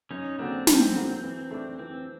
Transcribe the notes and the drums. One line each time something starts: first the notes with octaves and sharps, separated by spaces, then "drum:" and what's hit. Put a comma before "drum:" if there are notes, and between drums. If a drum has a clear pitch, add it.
F#2 C#4 D#4
D3 F#3 A#3 C4 D4
F#2 C4, drum: snare
D3 F#3 A#3
E3
A3 D4
E3 C4